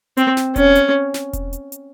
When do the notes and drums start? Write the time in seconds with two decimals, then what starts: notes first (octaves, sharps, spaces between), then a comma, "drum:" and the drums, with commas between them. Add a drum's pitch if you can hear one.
0.17 C4, drum: hi-hat
0.37 drum: snare
0.56 C#4, drum: kick E1, hi-hat
0.75 drum: hi-hat
1.14 drum: snare
1.33 drum: kick E1, hi-hat
1.53 drum: hi-hat
1.72 drum: hi-hat